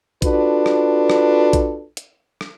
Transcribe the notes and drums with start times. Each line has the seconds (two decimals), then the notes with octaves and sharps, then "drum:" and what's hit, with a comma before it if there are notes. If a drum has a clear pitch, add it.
0.22 D4 F4 F#4 A4 B4, drum: kick A#1, hi-hat
0.66 drum: rim click
1.10 drum: rim click
1.53 drum: kick A#1, hi-hat
1.97 drum: hi-hat
2.41 drum: rim click